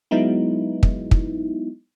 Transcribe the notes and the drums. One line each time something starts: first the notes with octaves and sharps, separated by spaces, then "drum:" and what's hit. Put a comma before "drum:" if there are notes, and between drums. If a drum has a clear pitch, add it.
F#3 G#3 B3 D#4 E4
drum: kick
drum: kick